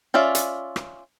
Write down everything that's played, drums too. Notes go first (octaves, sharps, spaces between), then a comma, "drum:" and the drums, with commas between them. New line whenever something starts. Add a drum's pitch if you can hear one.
C#4 F4 D5 E5
drum: hi-hat
drum: rim click